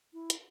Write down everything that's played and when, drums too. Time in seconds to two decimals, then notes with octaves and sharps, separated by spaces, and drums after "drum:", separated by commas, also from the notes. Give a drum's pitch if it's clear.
0.13 E4
0.30 drum: hi-hat